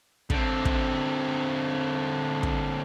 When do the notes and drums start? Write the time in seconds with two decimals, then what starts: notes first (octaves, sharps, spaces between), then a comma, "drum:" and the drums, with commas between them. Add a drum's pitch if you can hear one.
0.30 D3 C4, drum: kick
0.65 drum: kick
2.43 drum: kick